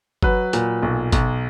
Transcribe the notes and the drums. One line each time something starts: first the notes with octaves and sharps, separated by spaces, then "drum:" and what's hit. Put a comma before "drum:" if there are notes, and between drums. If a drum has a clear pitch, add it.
F#3 B4, drum: kick G1
A#2, drum: hi-hat
B1
B1, drum: kick G1, hi-hat